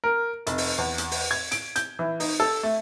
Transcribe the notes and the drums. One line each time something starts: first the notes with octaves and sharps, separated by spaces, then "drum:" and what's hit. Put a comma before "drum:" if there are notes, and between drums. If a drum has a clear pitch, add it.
A#4
F1, drum: hi-hat
drum: open hi-hat
E2
drum: hi-hat
drum: open hi-hat
G#6
D7, drum: hi-hat
G6, drum: hi-hat
E3
D#4, drum: open hi-hat
A4
A3